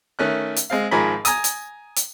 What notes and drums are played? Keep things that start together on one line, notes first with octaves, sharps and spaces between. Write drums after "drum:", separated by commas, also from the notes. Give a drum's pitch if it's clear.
D#3 A3 C#4 F#6
drum: hi-hat
G#3 C4 F5
G#1 G#2 F3 G#4 A#4 B5
G#5 A#5 D#6, drum: hi-hat
drum: hi-hat
drum: hi-hat